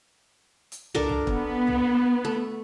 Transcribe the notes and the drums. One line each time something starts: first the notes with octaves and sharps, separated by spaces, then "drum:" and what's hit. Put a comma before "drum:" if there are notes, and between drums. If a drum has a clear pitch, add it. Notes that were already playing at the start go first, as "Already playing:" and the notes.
drum: hi-hat
D4 A4 A#4, drum: tom
drum: tom
B3, drum: kick
drum: tom
A3